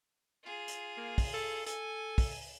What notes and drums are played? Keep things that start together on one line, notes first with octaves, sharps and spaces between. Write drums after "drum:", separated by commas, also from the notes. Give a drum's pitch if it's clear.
F4 G#4
drum: hi-hat
A#3
drum: kick, open hi-hat
A4
A4 G#5, drum: hi-hat
drum: kick, open hi-hat